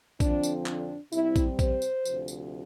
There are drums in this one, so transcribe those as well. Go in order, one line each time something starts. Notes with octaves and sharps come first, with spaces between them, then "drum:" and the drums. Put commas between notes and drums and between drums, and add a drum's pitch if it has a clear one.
F2 D3 F3 C4 D4, drum: kick A#1, tambourine
drum: tambourine
D4, drum: clap
C3 G3 C4 E4, drum: tambourine
drum: kick A#1, tambourine
C5, drum: kick A#1, tambourine
drum: tambourine
D2 C3 F3, drum: tambourine
drum: tambourine